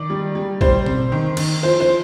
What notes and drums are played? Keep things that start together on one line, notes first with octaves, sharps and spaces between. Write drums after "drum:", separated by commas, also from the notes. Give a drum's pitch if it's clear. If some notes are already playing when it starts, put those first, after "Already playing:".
Already playing: D#3 D5
G3
G3
G3 C5, drum: kick A1
C3, drum: tom B2
D#3
D#3, drum: cymbal
F3 C5
C5
F3